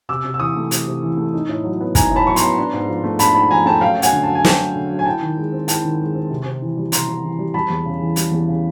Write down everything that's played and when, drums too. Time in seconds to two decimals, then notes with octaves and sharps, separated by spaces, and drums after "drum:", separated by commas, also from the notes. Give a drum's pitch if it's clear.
0.09 C3 D6 E6
0.24 C3
0.34 E6
0.40 E3 C#6 D#6
0.55 A3
0.71 C3, drum: hi-hat
0.87 C3
1.03 E3
1.17 A3
1.34 D#4
1.49 A2
1.64 F#3
1.81 B3
1.95 D#4 G#5 A#5, drum: kick, hi-hat
2.10 A2
2.16 A5 B5
2.26 F#3 C#6
2.36 A#5 C6, drum: hi-hat
2.43 B3
2.58 D4
2.74 G#2
2.89 F3
3.04 A3
3.19 D4 A5 B5, drum: hi-hat
3.35 G#2 A5 B5
3.50 F3 G#5 A#5
3.66 A3 G5 A5
3.81 F#2 F5 G5
3.97 F#2
4.02 F#5 G#5, drum: hi-hat
4.13 D3
4.23 F#3 A5
4.35 G#5
4.45 F#2 G5 A5, drum: snare
4.59 F#2
4.76 D3
4.91 F#3
4.99 G#5
5.06 E4 G5 A5
5.22 D#3
5.37 G#3
5.52 C4
5.68 E4 G5 A5, drum: hi-hat
5.84 D#3
6.00 G#3
6.14 C4
6.30 C3
6.45 C3
6.62 E3
6.77 G3
6.92 C3 A#5 C6, drum: hi-hat
7.08 C3
7.24 E3
7.39 G3
7.54 G3 A5 B5
7.70 E2
7.85 C#3
8.00 E3
8.16 G3, drum: hi-hat
8.32 E2
8.48 C#3